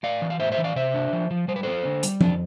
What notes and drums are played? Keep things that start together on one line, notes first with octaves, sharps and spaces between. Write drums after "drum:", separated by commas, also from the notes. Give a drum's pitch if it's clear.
A2 D5 F5
E3
F5
A2 C5 E5
C5 E5
E3
D5 F5
C3 C5 E5
D4
F3
F3
G3 C5
B4
C4 A4 C5
D3
G3, drum: hi-hat
F2 D4, drum: tom F3